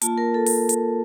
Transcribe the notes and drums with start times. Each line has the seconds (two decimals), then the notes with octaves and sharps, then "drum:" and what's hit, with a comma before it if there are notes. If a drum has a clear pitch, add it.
0.02 A#3 F4 A5, drum: hi-hat
0.18 A#4
0.34 A4
0.46 drum: open hi-hat
0.69 drum: hi-hat